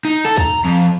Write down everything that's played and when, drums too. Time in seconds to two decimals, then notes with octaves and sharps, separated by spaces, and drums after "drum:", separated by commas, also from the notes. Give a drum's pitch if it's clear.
0.05 D#4
0.25 A4
0.37 A#5, drum: kick C#2
0.65 F2